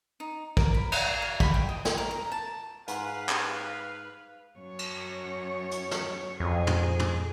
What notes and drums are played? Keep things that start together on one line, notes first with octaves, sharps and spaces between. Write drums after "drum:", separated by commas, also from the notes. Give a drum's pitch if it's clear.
D#4
A#4, drum: kick
B5
F#5, drum: cymbal
F5
B5, drum: kick
G5
D#5
G4, drum: snare
A#4
A#5
A5
G#2 B4 F5 F#5, drum: hi-hat
drum: clap
F#2 C#5
drum: cymbal
drum: hi-hat
drum: snare
F2 G#4
drum: tom
drum: tom